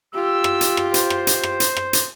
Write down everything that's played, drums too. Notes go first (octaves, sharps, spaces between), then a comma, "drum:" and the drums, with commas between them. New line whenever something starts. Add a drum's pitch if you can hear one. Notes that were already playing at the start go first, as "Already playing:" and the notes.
F4 G4 E6
drum: rim click
drum: hi-hat
drum: rim click
C5, drum: hi-hat
drum: rim click
drum: hi-hat
drum: rim click
drum: hi-hat
drum: rim click
drum: hi-hat